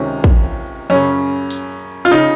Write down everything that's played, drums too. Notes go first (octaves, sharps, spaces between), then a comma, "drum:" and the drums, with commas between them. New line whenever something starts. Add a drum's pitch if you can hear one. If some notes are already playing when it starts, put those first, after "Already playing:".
Already playing: C#2 C3 D#3 C#4
drum: kick
F#2 C#3 C#4
drum: tambourine
F4, drum: tambourine
C#3 D#4